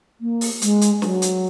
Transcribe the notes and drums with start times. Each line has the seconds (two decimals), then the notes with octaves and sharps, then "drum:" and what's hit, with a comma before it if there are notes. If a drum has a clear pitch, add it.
0.20 A#3
0.41 drum: open hi-hat
0.62 G#3, drum: hi-hat
0.81 drum: hi-hat
1.02 F#3, drum: snare
1.22 drum: hi-hat